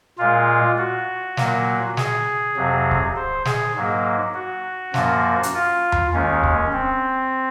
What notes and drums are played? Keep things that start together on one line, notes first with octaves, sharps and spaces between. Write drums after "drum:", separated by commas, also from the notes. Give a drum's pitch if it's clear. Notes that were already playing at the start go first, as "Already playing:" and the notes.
A#2 G#3 F4
F#4
A#2 F#3 A#3, drum: snare
G#4, drum: snare
F2 C3 F#3
drum: kick C#1
C5
G#4, drum: snare
G#2 F#3 A#3
F#4
F#2 F3 A#3, drum: snare
drum: hi-hat
F4
drum: tom E2
D#2 D#3 G#3 C#4
drum: kick C#1
C4